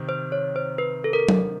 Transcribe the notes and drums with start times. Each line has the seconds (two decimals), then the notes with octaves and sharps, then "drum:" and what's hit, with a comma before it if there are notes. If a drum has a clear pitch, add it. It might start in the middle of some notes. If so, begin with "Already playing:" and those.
Already playing: C3 D#3
0.09 C5
0.32 C#5
0.56 C5
0.78 B4
1.04 A4
1.13 A#4
1.29 drum: tom F#3